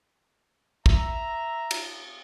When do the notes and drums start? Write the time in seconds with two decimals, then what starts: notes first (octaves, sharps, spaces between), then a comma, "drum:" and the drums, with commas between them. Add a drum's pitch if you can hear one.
0.86 E5 A#5, drum: kick
1.71 drum: cymbal